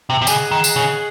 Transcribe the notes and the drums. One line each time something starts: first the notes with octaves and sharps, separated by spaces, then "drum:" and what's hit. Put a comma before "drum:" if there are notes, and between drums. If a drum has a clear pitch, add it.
C3
C3
C#3 G#4 D#5 F#5, drum: tambourine
D#3
drum: tambourine
C#3